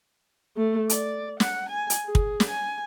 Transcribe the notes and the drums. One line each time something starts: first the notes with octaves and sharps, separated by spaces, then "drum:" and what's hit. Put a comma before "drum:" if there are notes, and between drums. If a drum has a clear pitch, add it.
A3
D5, drum: hi-hat
F#5, drum: snare
G#5
drum: hi-hat
G#4
drum: kick
drum: snare
G#5